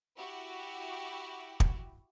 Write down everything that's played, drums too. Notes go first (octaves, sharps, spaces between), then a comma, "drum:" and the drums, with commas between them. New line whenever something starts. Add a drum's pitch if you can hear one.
E4 F#4 G4
drum: kick